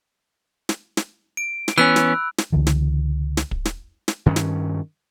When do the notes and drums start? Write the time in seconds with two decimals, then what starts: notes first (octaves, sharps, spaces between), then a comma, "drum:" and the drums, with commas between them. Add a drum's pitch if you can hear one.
0.69 drum: snare
0.97 drum: snare
1.37 D7
1.68 drum: snare
1.78 E3 B3 C#4 B5 E6 F#6
1.96 drum: snare
2.38 drum: snare
2.52 C#2 D3 E3
2.67 drum: snare
3.37 drum: snare
3.51 drum: kick
3.65 drum: snare
4.08 drum: snare
4.26 G2 D#3 C#4
4.36 drum: snare